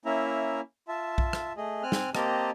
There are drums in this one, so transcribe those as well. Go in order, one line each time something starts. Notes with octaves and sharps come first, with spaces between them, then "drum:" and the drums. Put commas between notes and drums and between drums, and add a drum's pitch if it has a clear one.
A#3 C#4 E4 E5 A#5
F4 E5 A5
drum: kick B1
drum: rim click
A3 G#4 D#5
C4 G#5 F6 F#6
drum: snare
A#3 C4 G4 D#5 A5 A#5, drum: rim click